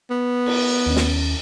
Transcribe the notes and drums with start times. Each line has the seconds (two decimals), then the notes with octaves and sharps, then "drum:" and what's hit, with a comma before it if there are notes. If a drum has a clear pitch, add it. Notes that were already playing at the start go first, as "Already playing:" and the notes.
0.10 B3
0.46 drum: cymbal
0.86 D#2 C#4
0.96 drum: snare